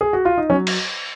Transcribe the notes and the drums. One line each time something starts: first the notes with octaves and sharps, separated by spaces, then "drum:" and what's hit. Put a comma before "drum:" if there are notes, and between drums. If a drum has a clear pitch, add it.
G#4
F#4
F4
D#4
F#3 C#4
drum: cymbal